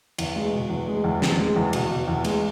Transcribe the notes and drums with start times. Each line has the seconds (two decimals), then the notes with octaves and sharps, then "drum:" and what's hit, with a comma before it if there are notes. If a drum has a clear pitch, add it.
0.18 E2, drum: cymbal
0.36 G#3
0.53 B2
0.70 E2
0.88 G#3
1.04 E2
1.22 C4, drum: snare
1.39 G#3
1.56 E2
1.73 B2, drum: cymbal
1.90 B2
2.08 E2
2.24 G#3, drum: cymbal